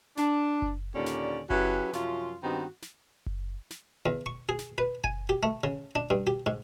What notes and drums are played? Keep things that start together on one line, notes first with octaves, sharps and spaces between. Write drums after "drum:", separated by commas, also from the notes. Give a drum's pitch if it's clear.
D4, drum: snare
drum: kick F#1
D#2 A#2 D3 C#4 D5
drum: snare
F#3 C#4 E4 G4 G#4 B4, drum: kick F#1
F#2 C3 F3 C#4 F4, drum: snare
G2 D#3 B3 C4 D#4 F#4
drum: snare
drum: kick F#1
drum: snare
E2
C#6
G#4
drum: snare
B4
G#5, drum: kick F#1
G4
A3
C#3
D4
G2
G4
G#2